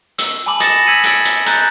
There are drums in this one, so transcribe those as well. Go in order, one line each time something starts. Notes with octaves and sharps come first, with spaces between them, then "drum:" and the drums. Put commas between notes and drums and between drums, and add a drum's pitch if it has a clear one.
E6, drum: hi-hat
G#5 A5 B5 D6 F#7
D#6 A6 A#6 C#7 E7, drum: hi-hat
E6 G#6 B6 C#7 D#7 F#7
E6 A6 D7, drum: hi-hat
drum: hi-hat
A#5 F#6 G6 A6, drum: hi-hat